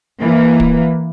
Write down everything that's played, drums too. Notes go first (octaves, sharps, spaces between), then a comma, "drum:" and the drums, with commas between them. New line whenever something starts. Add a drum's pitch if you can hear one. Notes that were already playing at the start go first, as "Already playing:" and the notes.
E3 A#3
drum: kick